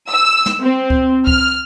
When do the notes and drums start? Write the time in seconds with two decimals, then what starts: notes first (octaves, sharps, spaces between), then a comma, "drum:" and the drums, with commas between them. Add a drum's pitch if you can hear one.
0.11 E6
0.46 drum: snare
0.61 C4
0.90 drum: kick C#2
1.27 F6, drum: kick C#2